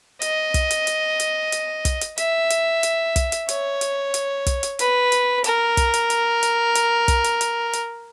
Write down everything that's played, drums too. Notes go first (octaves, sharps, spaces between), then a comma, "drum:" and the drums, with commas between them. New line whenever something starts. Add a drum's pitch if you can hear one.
D#5, drum: hi-hat
drum: kick, hi-hat
drum: hi-hat
drum: hi-hat
drum: hi-hat
drum: hi-hat
drum: kick, hi-hat
drum: hi-hat
E5, drum: hi-hat
drum: hi-hat
drum: hi-hat
drum: kick, hi-hat
drum: hi-hat
C#5, drum: hi-hat
drum: hi-hat
drum: hi-hat
drum: kick, hi-hat
drum: hi-hat
B4, drum: hi-hat
drum: hi-hat
A#4, drum: hi-hat
drum: kick, hi-hat
drum: hi-hat
drum: hi-hat
drum: hi-hat
drum: hi-hat
drum: kick, hi-hat
drum: hi-hat
drum: hi-hat
drum: hi-hat